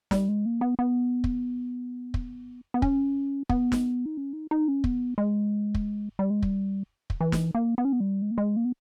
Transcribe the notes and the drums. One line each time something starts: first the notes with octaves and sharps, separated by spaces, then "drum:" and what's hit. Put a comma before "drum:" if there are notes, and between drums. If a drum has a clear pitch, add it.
G3, drum: snare
G#3
A#3
B3
B3
drum: kick
drum: kick
B3
C#4, drum: kick
B3, drum: kick
drum: snare
D#4
C#4
D#4
D#4
C#4
B3, drum: kick
G#3
drum: kick
G3
G#3
G3, drum: kick
drum: kick
E3
drum: snare
A#3
B3
C#4
B3
G3
G#3
A#3
G#3
A#3
B3